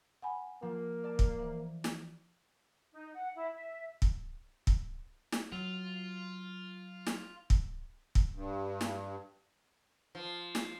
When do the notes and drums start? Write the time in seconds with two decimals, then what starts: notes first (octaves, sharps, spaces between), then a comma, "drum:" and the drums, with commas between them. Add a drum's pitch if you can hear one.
0.22 F#5 G#5 B5
0.62 F3 A#3
1.04 D5 A5
1.19 drum: kick
1.39 E3 C5
1.84 drum: snare
2.93 D#4
3.14 F#5
3.35 E4
3.53 E5
4.02 drum: kick
4.67 drum: kick
5.32 drum: snare
5.52 F#3 F4
7.06 drum: snare
7.50 drum: kick
8.15 drum: kick
8.35 G2
8.81 drum: snare
10.15 F3
10.55 drum: snare